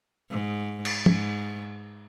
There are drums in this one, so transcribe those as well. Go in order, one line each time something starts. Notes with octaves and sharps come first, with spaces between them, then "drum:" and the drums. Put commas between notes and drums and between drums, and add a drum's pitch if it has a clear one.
G#2
drum: cymbal
G#2, drum: tom